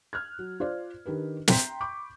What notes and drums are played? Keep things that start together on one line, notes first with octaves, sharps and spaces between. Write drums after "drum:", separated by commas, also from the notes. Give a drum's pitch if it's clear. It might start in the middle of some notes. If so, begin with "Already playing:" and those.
F6 F#6 G#6
F#3
F4 C5 D5
D#3 D4 G4 B4
E5 G5 A#5 C6 G6 B6, drum: snare
B5 C#6 D6 G6